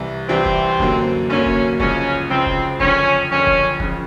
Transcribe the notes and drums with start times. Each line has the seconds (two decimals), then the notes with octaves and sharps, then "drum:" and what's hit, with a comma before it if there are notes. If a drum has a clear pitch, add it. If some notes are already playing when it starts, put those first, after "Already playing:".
Already playing: C2 C3 E3
0.29 C2 C3 E3 C4
0.46 drum: kick F1
0.80 F#2 D3 F#3 A#3, drum: kick F1
1.30 F#2 D3 F#3 A#3 C#4
1.46 drum: kick F1
1.80 C#2 C#3 F3 C#4, drum: kick F1
2.30 C#2 C#3 F3 C4
2.47 drum: kick F1
2.80 F#1 F2 D3 F3 C#4, drum: kick F1
3.31 F#1 F2 D3 F3 C#4
3.47 drum: kick F1
3.80 F2 C#3 F3, drum: kick F1